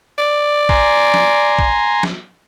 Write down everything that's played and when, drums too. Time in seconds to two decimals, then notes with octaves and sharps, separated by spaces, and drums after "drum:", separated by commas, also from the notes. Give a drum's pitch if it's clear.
0.18 D5
0.69 G#5 A#5 C6, drum: kick A#1
1.14 drum: snare
1.59 drum: kick A#1
2.03 drum: snare